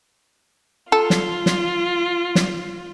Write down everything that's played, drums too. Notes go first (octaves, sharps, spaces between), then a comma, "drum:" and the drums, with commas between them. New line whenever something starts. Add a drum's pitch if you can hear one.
F4 A4
drum: snare
drum: snare
drum: snare